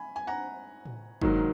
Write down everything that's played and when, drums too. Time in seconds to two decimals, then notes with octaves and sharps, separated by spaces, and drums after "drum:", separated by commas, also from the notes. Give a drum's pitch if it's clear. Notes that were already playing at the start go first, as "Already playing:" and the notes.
Already playing: G#5 B5
0.16 G#5
0.27 F#5 A#5
0.85 drum: tom A2
1.22 G#2 D#3 F#3 A#3, drum: kick